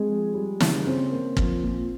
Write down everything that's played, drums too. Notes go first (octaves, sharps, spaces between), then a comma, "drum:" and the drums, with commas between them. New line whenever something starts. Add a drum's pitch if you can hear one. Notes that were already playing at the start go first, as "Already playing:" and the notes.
Already playing: G#3 C4 G#4
F3
G3
C#3, drum: snare
C4 C#4 C5
A#3
F3, drum: kick
A#2